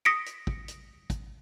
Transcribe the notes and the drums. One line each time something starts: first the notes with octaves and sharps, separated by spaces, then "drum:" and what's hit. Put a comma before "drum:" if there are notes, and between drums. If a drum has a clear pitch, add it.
D#6 A#6 B6 C#7 D7
drum: hi-hat
drum: kick
drum: hi-hat
drum: kick, hi-hat